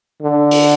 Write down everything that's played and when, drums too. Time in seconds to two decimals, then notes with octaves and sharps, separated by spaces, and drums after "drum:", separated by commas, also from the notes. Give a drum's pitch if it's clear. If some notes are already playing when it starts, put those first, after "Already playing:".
0.22 D3
0.51 drum: open hi-hat